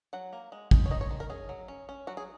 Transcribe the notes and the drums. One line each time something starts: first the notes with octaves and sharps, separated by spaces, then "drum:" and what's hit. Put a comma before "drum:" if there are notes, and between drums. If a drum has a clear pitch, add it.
F#3 F#5
A#3
G#3
G#3, drum: kick
C#5
D#3 D#5
C#5
D#3
A#4
C#4 G#4
F#3
C#4
C#4
F#3 F#4
G#4